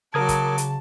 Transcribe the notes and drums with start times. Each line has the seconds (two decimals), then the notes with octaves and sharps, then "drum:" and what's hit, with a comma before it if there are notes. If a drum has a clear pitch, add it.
0.14 C#3 F#3 A#4 A5 D6 D#6 G#6
0.29 drum: kick, hi-hat
0.58 drum: hi-hat